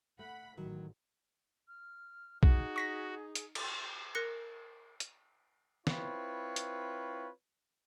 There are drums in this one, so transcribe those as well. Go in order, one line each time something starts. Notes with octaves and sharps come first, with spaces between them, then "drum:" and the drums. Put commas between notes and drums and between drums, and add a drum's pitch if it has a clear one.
A3 F#5 B5
A1 D#3 F#3
F6
D#4 F#4 G#4, drum: kick B1
C#6 A#6 B6
drum: hi-hat
drum: cymbal
A#4 F#6 A#6 C#7
drum: hi-hat
C4 E4 F4 B4 C#5, drum: snare
drum: hi-hat